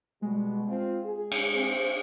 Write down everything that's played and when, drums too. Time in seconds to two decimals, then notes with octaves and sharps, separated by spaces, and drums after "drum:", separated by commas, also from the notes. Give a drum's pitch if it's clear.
0.22 B2 G3 G#3
0.68 C4 F4
1.04 G#4
1.32 drum: cymbal
1.55 C4